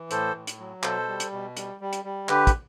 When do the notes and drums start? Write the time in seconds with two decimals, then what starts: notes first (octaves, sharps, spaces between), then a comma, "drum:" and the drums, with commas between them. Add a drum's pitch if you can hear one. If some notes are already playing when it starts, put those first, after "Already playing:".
Already playing: E3
0.11 A2 A4 C5, drum: hi-hat
0.35 A2
0.47 drum: hi-hat
0.60 F#3
0.83 B2 A4 C5, drum: clap
1.08 G3
1.20 drum: hi-hat
1.32 B2
1.57 G3, drum: hi-hat
1.81 G3
1.93 drum: hi-hat
2.04 G3
2.29 D3 G4 B4, drum: clap
2.47 drum: kick, hi-hat